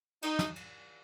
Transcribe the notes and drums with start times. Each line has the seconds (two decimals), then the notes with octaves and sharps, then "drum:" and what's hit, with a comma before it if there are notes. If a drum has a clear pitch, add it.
0.22 D#4, drum: cymbal
0.39 drum: snare
0.56 drum: cymbal